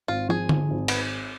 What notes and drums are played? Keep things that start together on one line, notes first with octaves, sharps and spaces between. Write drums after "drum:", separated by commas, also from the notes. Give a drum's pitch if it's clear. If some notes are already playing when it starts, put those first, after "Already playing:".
G#1 F4
F3 G#4
G#2, drum: tom D3
G#1
B3, drum: cymbal